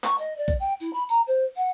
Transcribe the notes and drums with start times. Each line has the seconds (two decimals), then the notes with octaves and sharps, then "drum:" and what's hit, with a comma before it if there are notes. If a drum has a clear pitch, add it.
0.04 C#6, drum: clap
0.18 D#5, drum: tambourine
0.37 D5
0.48 drum: kick B1, tambourine
0.60 G5
0.80 E4, drum: tambourine
0.93 B5
1.09 A#5, drum: tambourine
1.27 C5
1.56 F#5